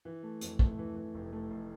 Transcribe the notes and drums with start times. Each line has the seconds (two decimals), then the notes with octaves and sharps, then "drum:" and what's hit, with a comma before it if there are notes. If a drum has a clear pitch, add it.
0.05 E3
0.23 A3
0.41 F2, drum: hi-hat
0.59 A3, drum: kick
0.78 E3
0.96 E3
1.14 F1
1.32 A3
1.51 F1